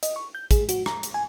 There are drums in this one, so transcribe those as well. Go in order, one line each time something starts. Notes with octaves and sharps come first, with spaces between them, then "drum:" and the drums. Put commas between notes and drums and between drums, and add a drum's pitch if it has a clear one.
D#5, drum: hi-hat
C#6
G6
G#4, drum: kick, hi-hat
F#4, drum: hi-hat
A#5, drum: rim click
drum: hi-hat
G#5